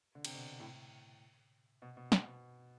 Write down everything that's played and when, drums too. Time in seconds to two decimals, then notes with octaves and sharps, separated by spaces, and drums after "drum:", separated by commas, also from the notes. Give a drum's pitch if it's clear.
0.15 D3
0.25 C3, drum: cymbal
0.34 B2 D3
0.60 A2 C3
1.82 B2
1.97 B2
2.12 B2, drum: snare
2.27 B2